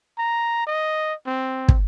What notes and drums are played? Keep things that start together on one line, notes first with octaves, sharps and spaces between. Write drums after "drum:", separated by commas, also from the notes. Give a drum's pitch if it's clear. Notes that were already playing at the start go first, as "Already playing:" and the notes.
A#5
D#5
C4
drum: kick